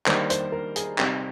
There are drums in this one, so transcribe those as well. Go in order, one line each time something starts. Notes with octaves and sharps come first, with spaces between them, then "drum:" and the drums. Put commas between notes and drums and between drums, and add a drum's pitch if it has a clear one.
D#3 G3 A#3 D4 C5, drum: clap
C5, drum: hi-hat
A#4
G#4, drum: hi-hat
C3 G3 C4 D#4 G4, drum: clap